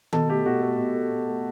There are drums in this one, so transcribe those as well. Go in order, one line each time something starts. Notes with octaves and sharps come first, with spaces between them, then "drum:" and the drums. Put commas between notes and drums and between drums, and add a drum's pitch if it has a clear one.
B2 A4, drum: tom D#3
A3 G4
B2 F#4
A3
B2
A3
B2
A3